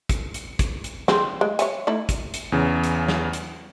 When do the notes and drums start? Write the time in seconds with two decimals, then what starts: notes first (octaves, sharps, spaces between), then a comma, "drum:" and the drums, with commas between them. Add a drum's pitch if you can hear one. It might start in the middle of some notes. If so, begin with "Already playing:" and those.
0.09 drum: kick, hi-hat
0.34 drum: hi-hat
0.59 drum: kick, hi-hat
0.84 drum: hi-hat
1.08 C4 G#4, drum: snare
1.41 G#3
1.59 C#5 E5 G#5, drum: hi-hat
1.87 A3 D#4 E4
2.09 drum: kick, hi-hat
2.34 drum: hi-hat
2.52 E2 C#3
2.84 drum: hi-hat
3.08 drum: snare
3.33 drum: hi-hat